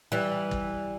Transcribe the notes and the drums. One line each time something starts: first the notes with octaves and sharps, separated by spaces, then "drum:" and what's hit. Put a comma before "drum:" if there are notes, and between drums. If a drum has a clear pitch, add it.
E3 G3
drum: kick